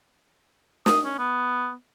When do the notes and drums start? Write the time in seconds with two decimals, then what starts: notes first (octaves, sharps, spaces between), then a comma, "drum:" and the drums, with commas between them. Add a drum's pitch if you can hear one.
0.86 D#6, drum: snare
1.05 C#4
1.18 B3